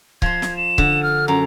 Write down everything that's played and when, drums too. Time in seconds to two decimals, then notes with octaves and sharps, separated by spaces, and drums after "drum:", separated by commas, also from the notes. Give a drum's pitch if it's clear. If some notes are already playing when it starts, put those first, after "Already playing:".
0.22 F3 C5 G#6, drum: kick C#1
0.42 drum: snare
0.57 E7
0.78 D3, drum: kick C#1
1.03 F6
1.28 F#2 A#5